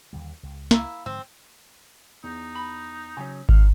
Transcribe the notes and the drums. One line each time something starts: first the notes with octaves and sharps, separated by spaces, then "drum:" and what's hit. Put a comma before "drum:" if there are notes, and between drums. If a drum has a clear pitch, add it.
D#2 D3 G3
C#2
A#3 E4, drum: snare
G#2 D3 F3 C4
E2 D#4
B5
C#3 F#3 C#4 G#5
D#4 F5, drum: kick G#1